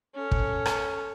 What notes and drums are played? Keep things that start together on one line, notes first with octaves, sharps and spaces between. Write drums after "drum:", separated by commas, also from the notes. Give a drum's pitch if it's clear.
C#4 A4
drum: kick
drum: rim click